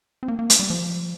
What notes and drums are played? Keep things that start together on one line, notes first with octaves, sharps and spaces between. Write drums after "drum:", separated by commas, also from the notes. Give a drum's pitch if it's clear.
C4
A#3
A#3
A3, drum: hi-hat
G3
F3